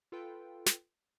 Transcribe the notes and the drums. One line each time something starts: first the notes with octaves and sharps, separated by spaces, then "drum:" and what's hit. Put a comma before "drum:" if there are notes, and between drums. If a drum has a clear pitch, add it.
F4 A4 B4 G5
drum: snare